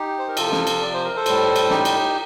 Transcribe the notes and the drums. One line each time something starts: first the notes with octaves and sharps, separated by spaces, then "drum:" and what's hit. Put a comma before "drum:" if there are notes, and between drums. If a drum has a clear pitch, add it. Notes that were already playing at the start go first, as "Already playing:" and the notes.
Already playing: D#4 G4
C5
A#4
C3 F3 F4 A4, drum: cymbal
drum: snare
drum: cymbal
D5
C5
A#4
A4 C5
A2 G3, drum: cymbal
drum: cymbal
D#4 G4, drum: snare
drum: cymbal